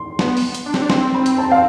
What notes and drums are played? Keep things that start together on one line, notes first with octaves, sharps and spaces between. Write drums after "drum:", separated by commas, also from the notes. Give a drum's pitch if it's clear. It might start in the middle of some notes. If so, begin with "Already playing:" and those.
Already playing: C6
B3, drum: snare
drum: open hi-hat
drum: hi-hat
D4
C4, drum: snare
D4
C4 C6, drum: snare
B5
drum: hi-hat
A5
F5